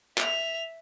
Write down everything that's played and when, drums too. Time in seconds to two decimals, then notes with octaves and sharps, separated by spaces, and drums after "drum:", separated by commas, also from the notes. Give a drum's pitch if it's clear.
0.18 E5 F7, drum: clap